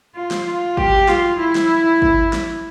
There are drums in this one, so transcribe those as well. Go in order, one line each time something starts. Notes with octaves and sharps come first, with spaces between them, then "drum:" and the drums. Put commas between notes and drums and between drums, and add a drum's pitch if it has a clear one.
F4
drum: snare
F4
G4, drum: kick G#1
F4, drum: snare
E4
drum: snare
drum: kick G#1
drum: snare